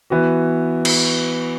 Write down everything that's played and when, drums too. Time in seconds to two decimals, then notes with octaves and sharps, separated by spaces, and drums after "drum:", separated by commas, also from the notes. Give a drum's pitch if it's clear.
0.10 E3 B3 F#4
0.85 drum: cymbal